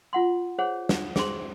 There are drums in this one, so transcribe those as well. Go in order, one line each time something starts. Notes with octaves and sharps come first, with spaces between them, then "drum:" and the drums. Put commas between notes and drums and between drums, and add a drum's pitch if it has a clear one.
F4 F#5 C6
G#4 C5 C#5 F#5
drum: snare
G#4 C5 C6, drum: snare